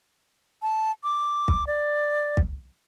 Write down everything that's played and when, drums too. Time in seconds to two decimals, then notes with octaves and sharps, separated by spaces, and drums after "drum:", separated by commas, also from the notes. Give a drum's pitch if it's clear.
0.62 A5
1.04 D6
1.48 drum: kick
1.67 D5
2.37 drum: kick